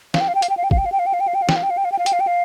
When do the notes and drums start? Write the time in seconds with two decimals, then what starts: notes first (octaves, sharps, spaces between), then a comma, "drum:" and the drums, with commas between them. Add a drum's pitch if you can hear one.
0.14 F5, drum: snare
0.21 G5
0.28 F5
0.35 G5
0.42 F5, drum: hi-hat
0.49 G5
0.57 F5
0.64 G5
0.71 F5, drum: kick
0.78 G5
0.86 F5
0.92 G5
0.99 F5
1.06 G5
1.14 F5
1.20 G5
1.28 F5
1.35 G5
1.42 F5
1.49 G5, drum: snare
1.56 F5
1.63 G5
1.70 F5
1.77 G5
1.85 F5
1.92 G5
1.99 F5
2.06 G5, drum: hi-hat
2.13 F5
2.20 G5
2.27 F5